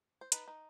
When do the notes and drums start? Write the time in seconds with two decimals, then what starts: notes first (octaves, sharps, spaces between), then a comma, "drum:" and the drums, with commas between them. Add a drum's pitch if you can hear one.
0.21 C5
0.32 D#4 B4, drum: hi-hat
0.48 D#4